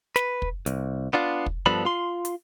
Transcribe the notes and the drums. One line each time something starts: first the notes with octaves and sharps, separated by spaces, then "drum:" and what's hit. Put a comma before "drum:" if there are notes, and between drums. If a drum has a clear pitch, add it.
B4, drum: snare
drum: kick
C2, drum: hi-hat
B3 D4 F4
drum: kick
G2 F3 B3 D4 A4 B5
F4 C6
drum: hi-hat